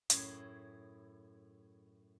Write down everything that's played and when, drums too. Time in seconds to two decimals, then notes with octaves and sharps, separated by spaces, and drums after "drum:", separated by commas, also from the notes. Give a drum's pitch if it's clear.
0.10 F#2 A2 E4 G#4 C6, drum: hi-hat